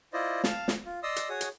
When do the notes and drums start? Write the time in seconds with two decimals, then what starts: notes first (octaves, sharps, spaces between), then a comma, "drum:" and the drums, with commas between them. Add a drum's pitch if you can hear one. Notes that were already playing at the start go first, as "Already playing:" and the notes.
0.13 E4 F4 C5 D5 D#5
0.44 F5 A5 F6, drum: snare
0.68 drum: snare
0.85 F4
1.03 D5 D#5 C6 D#6 E6
1.16 drum: hi-hat
1.29 F#4 G#4 C#5 D#6
1.41 drum: hi-hat